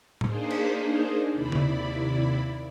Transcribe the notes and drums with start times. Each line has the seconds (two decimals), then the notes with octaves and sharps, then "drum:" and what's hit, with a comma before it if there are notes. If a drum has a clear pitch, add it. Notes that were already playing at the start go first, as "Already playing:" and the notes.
0.21 A#3 D4 D#4 G#4 C5, drum: tom A2
0.50 drum: cymbal
1.33 D#2 C3 E4 D5 B5
1.52 drum: tom